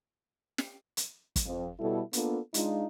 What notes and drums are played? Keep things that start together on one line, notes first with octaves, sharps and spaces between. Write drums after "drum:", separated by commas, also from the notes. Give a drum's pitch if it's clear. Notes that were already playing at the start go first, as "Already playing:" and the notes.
drum: snare
drum: hi-hat
drum: kick, hi-hat
F2
B2 G3 E4 A4
A#3 B3 D4 F4 A4, drum: hi-hat
G#3 D4 D#4 F4, drum: hi-hat